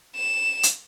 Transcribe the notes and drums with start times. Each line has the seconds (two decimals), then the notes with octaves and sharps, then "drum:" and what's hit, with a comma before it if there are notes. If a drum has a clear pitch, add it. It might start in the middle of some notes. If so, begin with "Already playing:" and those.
0.16 E7
0.63 drum: hi-hat